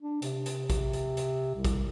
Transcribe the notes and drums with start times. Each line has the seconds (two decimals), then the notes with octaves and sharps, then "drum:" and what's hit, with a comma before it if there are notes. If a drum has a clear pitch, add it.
0.02 D4
0.22 C3, drum: hi-hat
0.46 drum: hi-hat
0.70 drum: kick A#1, hi-hat
0.93 drum: hi-hat
1.17 drum: hi-hat
1.55 C2
1.65 drum: kick A#1, hi-hat